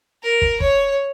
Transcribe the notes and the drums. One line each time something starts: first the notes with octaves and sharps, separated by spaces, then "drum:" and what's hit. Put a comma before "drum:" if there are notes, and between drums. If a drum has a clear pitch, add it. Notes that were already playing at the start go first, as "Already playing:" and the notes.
A#4
drum: kick
C#5, drum: kick